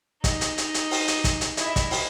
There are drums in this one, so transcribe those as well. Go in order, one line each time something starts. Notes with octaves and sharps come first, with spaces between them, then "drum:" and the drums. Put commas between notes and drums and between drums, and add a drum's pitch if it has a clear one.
D#4 D#5, drum: kick, hi-hat
drum: hi-hat
drum: hi-hat
drum: hi-hat
drum: open hi-hat
drum: hi-hat
drum: kick, hi-hat
drum: hi-hat
E4 D#5, drum: hi-hat
E5
D#5, drum: kick, hi-hat
drum: open hi-hat